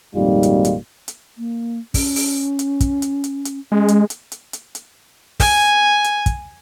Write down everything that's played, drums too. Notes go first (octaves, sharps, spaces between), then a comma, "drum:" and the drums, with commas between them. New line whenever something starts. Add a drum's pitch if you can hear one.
G#1 F2 A#2 G3 D#4 F4
drum: hi-hat
drum: hi-hat
drum: hi-hat
A#3
C#4, drum: kick, open hi-hat
drum: open hi-hat
drum: hi-hat
drum: kick, hi-hat
drum: hi-hat
drum: hi-hat
drum: hi-hat
G#3 C#4
drum: hi-hat
drum: hi-hat
drum: hi-hat
drum: hi-hat
drum: hi-hat
G#5, drum: kick, open hi-hat
drum: hi-hat
drum: kick, hi-hat